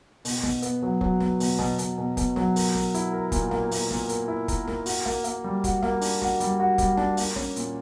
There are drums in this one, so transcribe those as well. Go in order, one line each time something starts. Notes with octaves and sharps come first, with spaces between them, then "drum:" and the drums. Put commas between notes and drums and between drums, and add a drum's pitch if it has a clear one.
B2, drum: open hi-hat
B2, drum: snare
B3, drum: hi-hat
F#3
F#3, drum: kick F1
B3, drum: snare
B2, drum: open hi-hat
B2, drum: snare
B2, drum: hi-hat
B2
B2, drum: kick F1, hi-hat
F#3, drum: snare
A#4, drum: open hi-hat
A#4, drum: snare
E4, drum: hi-hat
A#4
A#2, drum: kick F1, hi-hat
A#3, drum: snare
A#3, drum: open hi-hat
A#2, drum: snare
A#4, drum: hi-hat
E4
A#4, drum: kick F1, hi-hat
A#4, drum: snare
F#4, drum: open hi-hat
A#3, drum: snare
A#3, drum: hi-hat
G3
F#4, drum: kick F1, hi-hat
A#3, drum: snare
D4, drum: open hi-hat
F#4, drum: snare
G3, drum: hi-hat
F#4
G3, drum: kick F1, hi-hat
D4, drum: snare
A#3, drum: open hi-hat
C#4, drum: snare
A#2, drum: hi-hat